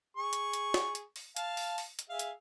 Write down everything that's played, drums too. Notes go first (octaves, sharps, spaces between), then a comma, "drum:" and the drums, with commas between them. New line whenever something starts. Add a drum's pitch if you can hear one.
G#4 C#6
drum: hi-hat
drum: hi-hat
drum: snare
drum: hi-hat
drum: open hi-hat
F5 A5, drum: hi-hat
drum: open hi-hat
drum: open hi-hat
drum: hi-hat
G#4 E5 F5
drum: hi-hat